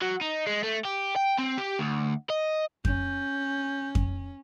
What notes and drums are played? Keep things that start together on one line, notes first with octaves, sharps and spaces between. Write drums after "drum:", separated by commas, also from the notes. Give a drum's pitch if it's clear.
F#3
D#4
G#3
A3
G4
G5
C4
G4
D2
D#5
C#4 G6, drum: kick F2
drum: kick F2